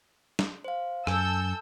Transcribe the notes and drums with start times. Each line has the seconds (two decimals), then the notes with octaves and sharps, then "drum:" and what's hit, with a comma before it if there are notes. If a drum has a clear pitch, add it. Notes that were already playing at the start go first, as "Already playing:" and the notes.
0.39 drum: snare
0.64 C5 F5
1.07 F#2 A4 G#5 E6 G6, drum: rim click